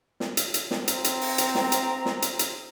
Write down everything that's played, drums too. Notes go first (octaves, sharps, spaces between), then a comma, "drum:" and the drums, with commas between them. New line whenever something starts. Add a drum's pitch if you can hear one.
drum: snare
drum: hi-hat
drum: hi-hat
drum: snare
C4 A#5, drum: hi-hat
drum: hi-hat
drum: open hi-hat
drum: hi-hat
drum: snare
drum: hi-hat
drum: snare
drum: hi-hat
drum: hi-hat